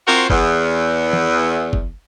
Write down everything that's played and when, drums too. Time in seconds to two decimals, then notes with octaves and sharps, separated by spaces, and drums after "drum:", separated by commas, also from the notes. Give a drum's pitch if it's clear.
0.07 C4 F4 F#4 A#4 C5
0.30 E2, drum: kick
1.13 drum: tom E3
1.73 drum: kick